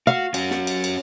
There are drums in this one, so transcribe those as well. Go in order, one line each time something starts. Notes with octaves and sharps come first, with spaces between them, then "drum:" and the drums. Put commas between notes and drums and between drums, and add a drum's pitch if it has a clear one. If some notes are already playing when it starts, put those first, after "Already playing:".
F#4 F5
C#4 F#4, drum: cymbal
drum: snare
drum: cymbal
drum: cymbal